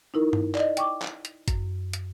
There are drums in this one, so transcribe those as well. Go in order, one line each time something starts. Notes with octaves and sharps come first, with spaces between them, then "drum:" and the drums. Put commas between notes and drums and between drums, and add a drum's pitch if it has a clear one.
D#4 E4 A#4
drum: tom G2
D5 D#5, drum: clap
G5 C#6 D6, drum: hi-hat
drum: clap
drum: hi-hat
F#2, drum: kick G1, hi-hat
drum: hi-hat